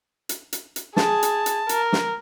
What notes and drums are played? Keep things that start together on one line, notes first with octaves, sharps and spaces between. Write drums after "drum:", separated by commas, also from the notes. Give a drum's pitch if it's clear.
drum: hi-hat
drum: hi-hat
drum: hi-hat
G#4 A5, drum: snare
drum: hi-hat
drum: hi-hat
A#4, drum: hi-hat
drum: snare